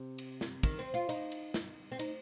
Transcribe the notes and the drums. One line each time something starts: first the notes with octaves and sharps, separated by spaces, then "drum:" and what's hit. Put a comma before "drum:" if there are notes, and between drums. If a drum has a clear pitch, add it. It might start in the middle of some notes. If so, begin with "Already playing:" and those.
Already playing: C3
drum: cymbal
drum: snare
D#3, drum: kick, cymbal
C4
F4
D#4, drum: cymbal
drum: cymbal
drum: snare
C4
D#4, drum: cymbal